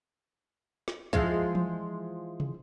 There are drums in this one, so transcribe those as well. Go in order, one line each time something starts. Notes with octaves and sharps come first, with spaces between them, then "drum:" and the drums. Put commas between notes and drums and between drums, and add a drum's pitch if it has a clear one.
drum: snare
E3 F3 G#3, drum: kick
drum: tom E3
drum: tom